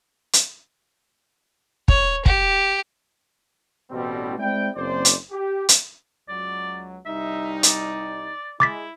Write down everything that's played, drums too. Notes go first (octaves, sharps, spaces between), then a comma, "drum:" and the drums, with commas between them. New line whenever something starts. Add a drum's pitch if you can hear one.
drum: hi-hat
C#5, drum: kick
G4, drum: kick
A1 B2 G3 C4
G#3 C4 E4 D5 G5
F#1 C4 C5 D5
drum: hi-hat
G4
drum: hi-hat
C#2 F#3 D5
C2 G3 D#4 E5
D5, drum: hi-hat
G#3 E4 D6 A6 B6